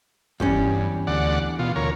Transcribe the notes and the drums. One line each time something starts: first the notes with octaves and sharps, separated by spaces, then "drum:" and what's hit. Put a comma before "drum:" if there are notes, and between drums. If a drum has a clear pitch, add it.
E2 G2 G3 C#4, drum: kick
D2 D5 F#5
B2 F4
D2 A#4 C#5